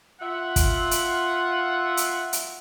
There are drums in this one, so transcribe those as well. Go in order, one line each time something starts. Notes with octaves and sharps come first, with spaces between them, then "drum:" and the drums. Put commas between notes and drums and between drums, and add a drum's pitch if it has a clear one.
F4 E5 F#5
drum: kick, hi-hat
drum: hi-hat
drum: hi-hat
drum: hi-hat